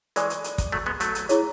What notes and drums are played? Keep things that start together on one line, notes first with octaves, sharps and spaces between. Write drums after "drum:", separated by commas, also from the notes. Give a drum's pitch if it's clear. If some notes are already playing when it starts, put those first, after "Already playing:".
E3 G#3 A4 D5 G#5 C#6, drum: hi-hat
drum: hi-hat
drum: hi-hat
drum: kick, hi-hat
F#3 A3
G#3 B3
F#3 A3, drum: hi-hat
drum: hi-hat
E4 G#4 C#5, drum: hi-hat